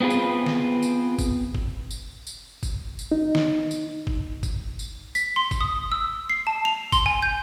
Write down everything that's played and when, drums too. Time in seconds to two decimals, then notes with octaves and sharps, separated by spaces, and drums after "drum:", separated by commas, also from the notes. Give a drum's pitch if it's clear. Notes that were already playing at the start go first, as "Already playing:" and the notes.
0.01 B3 C4 F4 G#4 B4
0.10 drum: tambourine
0.46 drum: snare
0.82 drum: tambourine
1.18 drum: kick F#1, tambourine
1.55 drum: kick F#1
1.91 drum: tambourine
2.27 drum: tambourine
2.63 drum: kick F#1, tambourine
2.99 drum: tambourine
3.12 D#4
3.35 drum: snare
3.71 drum: tambourine
4.07 drum: kick F#1
4.43 drum: kick F#1, tambourine
4.79 drum: tambourine
5.15 B6, drum: tambourine
5.36 C6
5.51 drum: kick F#1, tambourine
5.61 D#6
5.92 E6
6.29 C7
6.47 A5
6.65 F7
6.92 C6, drum: kick F#1, tambourine
7.06 G#5
7.22 G6